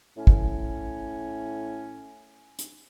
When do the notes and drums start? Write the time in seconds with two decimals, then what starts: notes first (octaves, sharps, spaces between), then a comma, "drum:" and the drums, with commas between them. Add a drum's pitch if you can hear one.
0.17 A2 C#4
0.27 drum: kick
2.59 drum: hi-hat